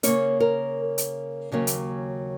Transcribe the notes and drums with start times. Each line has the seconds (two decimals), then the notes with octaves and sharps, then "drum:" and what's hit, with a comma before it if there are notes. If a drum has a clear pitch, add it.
0.03 C#3 A#3 C#4 C#5, drum: hi-hat
0.40 A#4
0.98 drum: hi-hat
1.52 D#2 C#3 F#3 A#3 C#4
1.67 drum: hi-hat